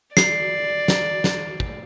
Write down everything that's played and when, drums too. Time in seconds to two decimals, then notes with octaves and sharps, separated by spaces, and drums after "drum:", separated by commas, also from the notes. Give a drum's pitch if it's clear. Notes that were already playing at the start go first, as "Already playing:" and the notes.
0.17 D5 C7, drum: snare
0.88 drum: snare
1.24 drum: snare
1.60 drum: kick